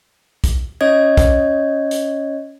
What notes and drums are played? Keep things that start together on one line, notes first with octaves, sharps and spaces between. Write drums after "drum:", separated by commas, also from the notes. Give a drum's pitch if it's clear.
drum: kick, hi-hat
C#4 C#5 D#5 G#6
drum: kick, hi-hat
drum: hi-hat